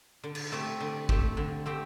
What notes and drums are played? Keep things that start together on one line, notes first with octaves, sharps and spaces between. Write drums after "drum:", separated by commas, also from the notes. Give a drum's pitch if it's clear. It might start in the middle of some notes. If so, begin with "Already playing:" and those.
D3
drum: cymbal
A3 C4 G4
D3
A3 C4 G4, drum: kick G#1
D3
A3 C4 G4